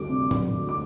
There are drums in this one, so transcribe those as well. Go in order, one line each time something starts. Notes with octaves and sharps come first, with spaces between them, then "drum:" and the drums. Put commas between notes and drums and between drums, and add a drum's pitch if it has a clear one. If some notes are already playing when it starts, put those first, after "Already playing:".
Already playing: D2 G3 D4 D6
C3
D4, drum: tom
D2
D6